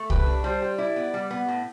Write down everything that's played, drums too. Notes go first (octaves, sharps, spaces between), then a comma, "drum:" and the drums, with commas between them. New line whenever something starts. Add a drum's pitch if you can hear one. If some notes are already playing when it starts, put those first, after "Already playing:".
Already playing: A3
G4 B4, drum: kick C2
D4
G3 C5
G4
E4 D5
B3
G3
B3
A2